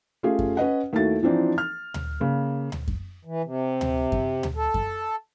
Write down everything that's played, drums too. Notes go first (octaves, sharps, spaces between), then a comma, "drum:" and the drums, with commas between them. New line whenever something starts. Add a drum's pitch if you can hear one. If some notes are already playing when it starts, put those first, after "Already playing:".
A3 C#4 F4 G4 G#4 F5
drum: kick F#2
C#4 B4 D#5 F#5
D#2 A3 E4 F#4 A6
E3 F3 C4 D4 D#4
F6
drum: tom D2
C#3 A#3
drum: tom D2
drum: kick F#2
E3
C3
drum: tom D2
drum: kick F#2
drum: tom D2
A4
drum: kick F#2